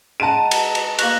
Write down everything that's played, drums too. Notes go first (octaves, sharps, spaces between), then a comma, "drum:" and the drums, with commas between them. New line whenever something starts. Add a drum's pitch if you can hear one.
G#3 F#5 A5 A#5 D#7
drum: cymbal
drum: cymbal
A#3 C#6 F#6 A#6 F#7, drum: cymbal